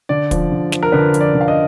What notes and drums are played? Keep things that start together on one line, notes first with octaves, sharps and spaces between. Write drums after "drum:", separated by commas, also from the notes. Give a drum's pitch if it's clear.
D3 D5
F3, drum: kick, hi-hat
D3
F3, drum: snare
A#4
D3 B4
F3, drum: hi-hat
D5
D3
F5
D#5